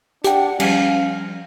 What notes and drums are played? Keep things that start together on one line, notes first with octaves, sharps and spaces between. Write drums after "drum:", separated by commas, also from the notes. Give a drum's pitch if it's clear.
D4 G4 F#5 G5, drum: hi-hat
F3 G3 C#4 F5, drum: cymbal